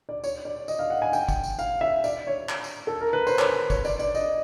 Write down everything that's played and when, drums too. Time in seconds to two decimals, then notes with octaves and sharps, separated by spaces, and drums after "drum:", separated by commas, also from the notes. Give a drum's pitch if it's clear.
0.09 D5
0.24 C#5, drum: tambourine
0.45 D5
0.68 D#5, drum: tambourine
0.79 F5
0.90 F#5
1.02 G#5
1.13 G5, drum: tambourine
1.29 drum: kick, tambourine
1.44 drum: tambourine
1.59 F5, drum: tambourine
1.81 E5
2.04 D5, drum: tambourine
2.27 C#5
2.49 drum: clap
2.64 drum: tambourine
2.87 A4
3.01 A#4
3.13 B4
3.27 C5, drum: tambourine
3.39 C#5, drum: clap
3.70 C#5, drum: kick, tambourine
3.85 D5, drum: tambourine
3.99 D5, drum: tambourine
4.15 D#5, drum: tambourine